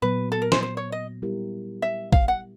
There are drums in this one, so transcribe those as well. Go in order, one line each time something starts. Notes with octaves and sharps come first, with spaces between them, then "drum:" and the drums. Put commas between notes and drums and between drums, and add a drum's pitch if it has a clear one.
A#2 F#3 B3 B4
A4
A#4
C5, drum: snare
C5
C#5
D#5
G3 B3 E4 G4 A#4
E5
F5, drum: kick
F#5